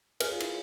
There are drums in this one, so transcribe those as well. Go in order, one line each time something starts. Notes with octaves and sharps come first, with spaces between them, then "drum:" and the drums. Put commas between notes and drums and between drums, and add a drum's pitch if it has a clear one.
G#4 B4, drum: cymbal
F4
E4, drum: cymbal